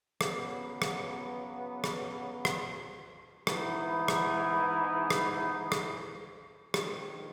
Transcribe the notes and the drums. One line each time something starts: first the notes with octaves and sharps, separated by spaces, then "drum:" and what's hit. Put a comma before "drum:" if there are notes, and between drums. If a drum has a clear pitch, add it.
C#3 F#3 B3, drum: rim click
drum: rim click
drum: rim click
drum: rim click
G#2 E3 B3 D#4, drum: rim click
drum: rim click
drum: rim click
drum: rim click
A#1 G#2 D#3, drum: rim click